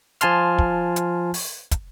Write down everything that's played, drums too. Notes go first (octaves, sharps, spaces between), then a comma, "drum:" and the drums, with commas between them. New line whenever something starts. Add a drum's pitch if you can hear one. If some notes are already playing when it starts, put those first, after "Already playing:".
F3 F4 G#5 A5 C6 F6, drum: hi-hat
drum: kick
drum: hi-hat
drum: open hi-hat
drum: kick, hi-hat